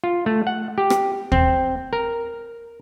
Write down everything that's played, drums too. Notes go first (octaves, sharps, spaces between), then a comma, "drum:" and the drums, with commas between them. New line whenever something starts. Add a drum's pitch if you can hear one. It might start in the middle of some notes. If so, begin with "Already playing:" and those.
F4
A3
F#5
G4
drum: rim click
C4, drum: kick D#2
A#4